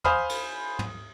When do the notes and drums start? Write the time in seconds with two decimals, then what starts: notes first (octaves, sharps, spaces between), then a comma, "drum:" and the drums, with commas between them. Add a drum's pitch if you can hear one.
0.04 C5 F5 G#5 B5 D#6 F6, drum: tom
0.29 drum: cymbal
0.79 drum: tom